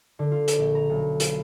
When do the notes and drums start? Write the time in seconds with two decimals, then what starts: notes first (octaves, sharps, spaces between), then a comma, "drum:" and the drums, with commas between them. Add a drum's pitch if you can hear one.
0.19 D3
0.31 F4
0.48 drum: hi-hat
0.58 A#1
0.75 A#5
0.90 B1
1.20 F4, drum: hi-hat